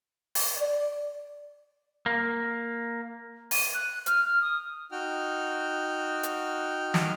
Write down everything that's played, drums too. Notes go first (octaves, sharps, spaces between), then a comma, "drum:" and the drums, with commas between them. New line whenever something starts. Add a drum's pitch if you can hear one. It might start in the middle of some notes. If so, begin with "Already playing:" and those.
drum: open hi-hat
D5
A#3
D#7, drum: open hi-hat
F#6
F6, drum: hi-hat
F6
D#6
D#4 F#4 G5 F6
drum: hi-hat
drum: snare